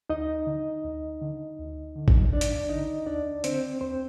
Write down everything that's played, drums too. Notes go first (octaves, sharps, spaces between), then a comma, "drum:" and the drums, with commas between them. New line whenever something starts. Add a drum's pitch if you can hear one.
D2 D#4 D#5
D3
D2
D3
D2
D3
drum: kick A1
D2 D4 D5
drum: hi-hat
D3 D#4 D#5
D#2 D4 D5
D3 C4 C5, drum: hi-hat
D#2 C4 C5